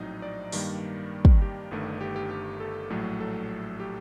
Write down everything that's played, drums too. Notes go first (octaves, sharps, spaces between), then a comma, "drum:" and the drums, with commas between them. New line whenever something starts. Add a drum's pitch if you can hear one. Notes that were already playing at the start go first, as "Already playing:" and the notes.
Already playing: A#1 A2 F#3 C4 D#4 D#5
D5
G2 D#3 G3 A#3, drum: open hi-hat
drum: kick
G4
G1 G2 D#3 A3
G4
G4
G4
A4
A#1 A2 F#3 A3
A4
G4